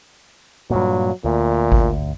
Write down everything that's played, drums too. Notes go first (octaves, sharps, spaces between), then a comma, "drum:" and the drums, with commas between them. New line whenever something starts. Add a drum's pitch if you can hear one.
G2 A#2 F#3
D2 A#2
drum: kick G#1